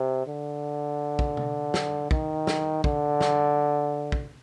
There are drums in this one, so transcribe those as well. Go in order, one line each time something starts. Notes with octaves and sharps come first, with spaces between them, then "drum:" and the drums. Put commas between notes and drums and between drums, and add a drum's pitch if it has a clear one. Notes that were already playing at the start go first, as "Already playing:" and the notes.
Already playing: C3
D3
drum: kick
drum: tom
drum: snare
D#3, drum: kick
drum: snare
D3, drum: kick
drum: snare
drum: kick